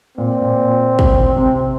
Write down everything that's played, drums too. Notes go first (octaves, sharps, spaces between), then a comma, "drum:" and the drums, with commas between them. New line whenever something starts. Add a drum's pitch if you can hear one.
A#2 C4
A#2
drum: kick
C3